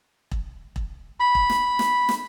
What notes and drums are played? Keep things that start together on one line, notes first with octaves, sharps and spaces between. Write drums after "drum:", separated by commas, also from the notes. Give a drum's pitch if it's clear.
drum: kick E1
drum: kick E1
B5
drum: kick E1
drum: snare
drum: snare
drum: snare